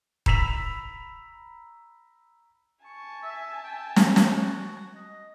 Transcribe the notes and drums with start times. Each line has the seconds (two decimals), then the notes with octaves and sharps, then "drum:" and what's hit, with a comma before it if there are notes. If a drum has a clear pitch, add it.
0.26 A#5 B5 E6 B6 E7 F7, drum: kick D#1
2.85 G#5 A5 C#6
3.22 E5
3.64 G5
3.96 drum: snare
4.16 F#4, drum: snare
4.95 D#5